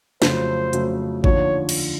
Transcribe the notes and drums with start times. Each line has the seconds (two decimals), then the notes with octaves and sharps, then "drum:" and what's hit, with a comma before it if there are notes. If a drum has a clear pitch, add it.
0.22 F2 C#3 F#3 A3 C5, drum: snare
0.73 F2 C#3 F#3 A3, drum: hi-hat
1.24 D#2 D3 F3 C#5, drum: kick G#1
1.69 drum: cymbal